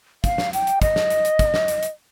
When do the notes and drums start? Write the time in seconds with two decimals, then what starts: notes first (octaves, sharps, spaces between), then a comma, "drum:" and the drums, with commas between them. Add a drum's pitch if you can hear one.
0.24 F5, drum: kick, hi-hat
0.38 drum: snare
0.53 G5, drum: hi-hat
0.67 drum: hi-hat
0.82 D#5, drum: kick, hi-hat
0.96 drum: snare
1.10 drum: hi-hat
1.25 drum: hi-hat
1.39 drum: kick, hi-hat
1.54 drum: snare
1.68 drum: hi-hat
1.83 drum: hi-hat